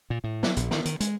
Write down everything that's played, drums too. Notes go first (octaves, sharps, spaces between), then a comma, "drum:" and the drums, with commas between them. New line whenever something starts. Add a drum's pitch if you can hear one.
A#2
A2
F#3, drum: snare
A#1, drum: hi-hat
D#3, drum: snare
D#3, drum: hi-hat
G#3, drum: hi-hat